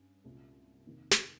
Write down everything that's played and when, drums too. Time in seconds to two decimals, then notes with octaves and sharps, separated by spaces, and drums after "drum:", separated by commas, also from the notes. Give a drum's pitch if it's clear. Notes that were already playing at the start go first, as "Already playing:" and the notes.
Already playing: G2 C#4
0.25 C2 A#2 G#3 C#4 F4
0.86 F2 C3 D#3 A#3
1.12 drum: snare